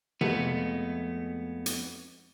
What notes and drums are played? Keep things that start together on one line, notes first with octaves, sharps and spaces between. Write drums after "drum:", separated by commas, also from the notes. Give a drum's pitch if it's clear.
F2 G#3 A3 B3, drum: tom C3
drum: hi-hat